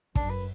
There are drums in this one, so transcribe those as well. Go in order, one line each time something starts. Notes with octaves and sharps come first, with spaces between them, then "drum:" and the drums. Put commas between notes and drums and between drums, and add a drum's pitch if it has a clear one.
F#2 D4, drum: kick
B4